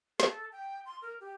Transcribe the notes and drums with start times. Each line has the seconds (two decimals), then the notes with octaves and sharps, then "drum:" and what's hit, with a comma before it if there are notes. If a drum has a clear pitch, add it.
0.20 A4, drum: snare
0.52 G5
0.86 C6
1.02 A#4
1.21 G4